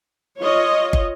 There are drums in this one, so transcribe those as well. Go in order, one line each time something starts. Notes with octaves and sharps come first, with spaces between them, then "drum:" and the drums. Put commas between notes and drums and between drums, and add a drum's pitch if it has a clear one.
F4 C#5 D#5
drum: kick